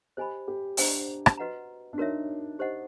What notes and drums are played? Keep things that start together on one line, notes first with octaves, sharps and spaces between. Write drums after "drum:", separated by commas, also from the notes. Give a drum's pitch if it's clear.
G4 C5 D#5 G#5 B5
G4
D4 G4 C5 D#5 F#5 A#5, drum: open hi-hat
drum: rim click
F#4 B4 D#5 F#5 A#5
D4
D#4 F#4 A#4 C#5 E5
G4 C5 D#5 F#5